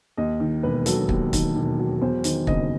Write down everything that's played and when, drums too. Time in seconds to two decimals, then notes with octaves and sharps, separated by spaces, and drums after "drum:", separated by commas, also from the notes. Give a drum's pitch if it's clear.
0.17 D#2 D#5
0.40 D#3
0.63 E1 B4
0.86 F#3 A4, drum: hi-hat
1.09 D#2, drum: kick
1.33 D#3, drum: kick, hi-hat
1.55 E1
1.78 F#3
2.02 E2 C5
2.24 D#3 C5, drum: hi-hat
2.47 F#1 D#5, drum: kick